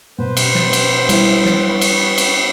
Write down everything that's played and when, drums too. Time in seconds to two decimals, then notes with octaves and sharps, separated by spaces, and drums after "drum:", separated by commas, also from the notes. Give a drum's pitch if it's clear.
0.18 B2 B4 C5
0.37 drum: cymbal
0.55 drum: snare
0.73 drum: cymbal
1.09 G3 E4 E5, drum: cymbal
1.45 drum: snare
1.69 B3 B5 C#6
1.81 drum: cymbal
2.18 drum: cymbal